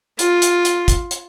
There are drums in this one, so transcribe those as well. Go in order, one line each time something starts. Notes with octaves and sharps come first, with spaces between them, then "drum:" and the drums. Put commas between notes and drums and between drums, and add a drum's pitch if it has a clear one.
F4, drum: hi-hat
drum: hi-hat
drum: hi-hat
drum: kick, hi-hat
drum: hi-hat